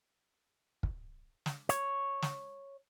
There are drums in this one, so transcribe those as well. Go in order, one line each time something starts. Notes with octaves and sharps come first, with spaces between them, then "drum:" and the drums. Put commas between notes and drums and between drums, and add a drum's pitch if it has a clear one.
drum: kick
drum: snare
C#5, drum: hi-hat
drum: snare